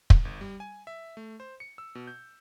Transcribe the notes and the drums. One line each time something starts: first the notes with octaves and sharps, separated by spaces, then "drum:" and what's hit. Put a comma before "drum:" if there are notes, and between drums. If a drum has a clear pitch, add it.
drum: kick
G1
G3
G#5
E5
A3
C5
C#7
E6
B2
G6